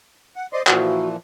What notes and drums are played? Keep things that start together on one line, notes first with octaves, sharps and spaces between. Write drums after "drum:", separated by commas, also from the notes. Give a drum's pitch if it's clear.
F#5
C5 D5 D#5 C6
A#2 E3 F3 F#4, drum: clap